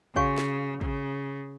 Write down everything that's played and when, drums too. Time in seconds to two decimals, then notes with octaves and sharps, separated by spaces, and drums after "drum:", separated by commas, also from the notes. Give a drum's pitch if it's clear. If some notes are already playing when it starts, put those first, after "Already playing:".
0.16 C#3 F#4 C#5 F5 G#5 C#6, drum: kick
0.38 drum: snare
0.81 C#3, drum: kick